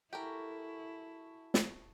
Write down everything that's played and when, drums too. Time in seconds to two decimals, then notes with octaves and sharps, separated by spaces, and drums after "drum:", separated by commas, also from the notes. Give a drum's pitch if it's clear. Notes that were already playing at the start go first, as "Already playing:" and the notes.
0.13 E4 F#4 G4 A4 A#4 G#5
1.54 drum: snare